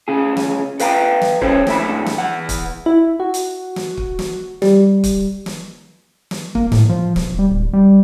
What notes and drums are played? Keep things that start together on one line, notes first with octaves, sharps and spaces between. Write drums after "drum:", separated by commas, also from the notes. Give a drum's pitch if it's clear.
D2 C#3 G#4
drum: snare
A4 B4 F5 G5 A5 A#5, drum: hi-hat
drum: snare
C#4 A4 C5 C#5, drum: kick
C#2 A2 D3 E5 B5, drum: snare
drum: snare
E2 F#5
drum: kick, hi-hat
E4
F#4
drum: hi-hat
drum: snare
drum: kick
drum: snare
G3, drum: snare
drum: kick, hi-hat
drum: snare
drum: snare
A#3, drum: kick
A2, drum: snare
F3
E1, drum: snare
G3
D1
G3